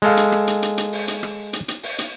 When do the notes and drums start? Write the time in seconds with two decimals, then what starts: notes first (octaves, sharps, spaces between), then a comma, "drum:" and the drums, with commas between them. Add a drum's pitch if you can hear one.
0.02 G#3 A4 F5, drum: open hi-hat
0.17 drum: hi-hat
0.32 drum: rim click
0.47 drum: hi-hat
0.62 drum: hi-hat
0.78 drum: hi-hat
0.93 drum: open hi-hat
1.08 drum: hi-hat
1.23 drum: rim click
1.53 drum: hi-hat
1.68 drum: hi-hat
1.83 drum: open hi-hat
1.98 drum: hi-hat